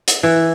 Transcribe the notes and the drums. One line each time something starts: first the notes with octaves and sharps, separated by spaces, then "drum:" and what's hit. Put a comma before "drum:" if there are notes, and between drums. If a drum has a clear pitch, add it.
drum: hi-hat
E3